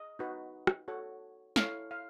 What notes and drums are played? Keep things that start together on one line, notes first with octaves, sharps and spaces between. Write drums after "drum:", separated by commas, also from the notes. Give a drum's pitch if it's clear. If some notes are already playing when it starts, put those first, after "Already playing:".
Already playing: D#5
D#4 F#4 B4
drum: rim click
F#4 A4 C#5
E4 A4 C#5 F5, drum: snare
F5